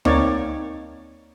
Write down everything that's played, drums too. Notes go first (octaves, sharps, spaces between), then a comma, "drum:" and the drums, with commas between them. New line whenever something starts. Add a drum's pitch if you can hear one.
A#3 C4 D#4 C#5 D5, drum: tom D2